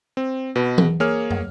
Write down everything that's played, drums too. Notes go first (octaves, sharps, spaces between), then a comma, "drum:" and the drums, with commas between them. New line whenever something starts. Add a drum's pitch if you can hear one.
C4
B2 B4
drum: tom E3
A#3 G#4 C#5 F6
drum: tom